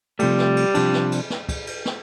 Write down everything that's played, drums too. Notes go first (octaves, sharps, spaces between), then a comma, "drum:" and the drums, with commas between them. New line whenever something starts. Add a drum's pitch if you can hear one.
C3 F3 G3 A3, drum: cymbal
drum: snare
drum: cymbal
C3 F3 D4, drum: cymbal
drum: snare
drum: cymbal
drum: snare
drum: kick, cymbal
drum: cymbal
drum: snare